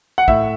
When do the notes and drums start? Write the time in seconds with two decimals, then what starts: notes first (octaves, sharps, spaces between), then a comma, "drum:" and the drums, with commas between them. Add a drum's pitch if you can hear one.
0.18 F#5
0.28 A2 E5, drum: kick